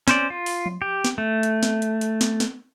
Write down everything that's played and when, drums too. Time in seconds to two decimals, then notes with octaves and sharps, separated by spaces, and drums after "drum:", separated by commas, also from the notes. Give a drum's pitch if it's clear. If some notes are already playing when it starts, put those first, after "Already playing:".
0.08 C#4 C5 D5, drum: snare
0.30 F4
0.46 drum: open hi-hat
0.66 drum: tom F3
0.82 G4
1.04 drum: snare
1.18 A3
1.43 drum: hi-hat
1.63 drum: snare
1.82 drum: hi-hat
2.01 drum: hi-hat
2.21 drum: snare
2.40 drum: snare